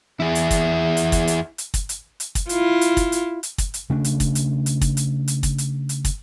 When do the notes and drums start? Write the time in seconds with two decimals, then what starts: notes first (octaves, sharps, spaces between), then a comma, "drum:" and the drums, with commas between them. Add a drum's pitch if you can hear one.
0.20 E2 E4 G#4
0.35 drum: hi-hat
0.51 drum: kick, hi-hat
0.97 drum: hi-hat
1.12 drum: kick, hi-hat
1.27 drum: hi-hat
1.58 drum: hi-hat
1.74 drum: kick, hi-hat
1.89 drum: hi-hat
2.20 drum: hi-hat
2.35 drum: kick, hi-hat
2.49 E4 F4, drum: hi-hat
2.81 drum: hi-hat
2.97 drum: kick, hi-hat
3.12 drum: hi-hat
3.43 drum: hi-hat
3.58 drum: kick, hi-hat
3.74 drum: hi-hat
3.90 C#3 A3 D4
4.04 drum: hi-hat
4.20 drum: kick, hi-hat
4.35 drum: hi-hat
4.66 drum: hi-hat
4.81 drum: kick, hi-hat
4.97 drum: hi-hat
5.28 drum: hi-hat
5.43 drum: kick, hi-hat
5.58 drum: hi-hat
5.89 drum: hi-hat
6.05 drum: kick, hi-hat